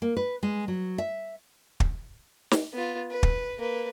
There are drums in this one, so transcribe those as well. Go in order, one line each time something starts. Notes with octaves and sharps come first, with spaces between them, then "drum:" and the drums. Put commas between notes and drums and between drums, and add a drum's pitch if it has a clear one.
A#3
B4
G#3
F#3
E5
drum: kick
drum: snare
B3 F4
B4
drum: kick
A#3 B4